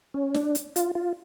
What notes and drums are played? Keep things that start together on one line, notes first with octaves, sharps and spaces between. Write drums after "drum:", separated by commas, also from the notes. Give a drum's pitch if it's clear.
C#4
D4, drum: snare
drum: hi-hat
F4, drum: hi-hat
F4